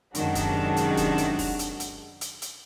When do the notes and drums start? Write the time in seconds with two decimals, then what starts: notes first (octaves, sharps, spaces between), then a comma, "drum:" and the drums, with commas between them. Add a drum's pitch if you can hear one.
0.15 F#2 C3 D#3 G#3 D4 F#4, drum: hi-hat
0.35 drum: kick, hi-hat
0.77 drum: hi-hat
0.97 drum: kick, hi-hat
1.18 drum: hi-hat
1.39 drum: kick, open hi-hat
1.59 drum: hi-hat
1.80 drum: hi-hat
2.21 drum: hi-hat
2.42 drum: hi-hat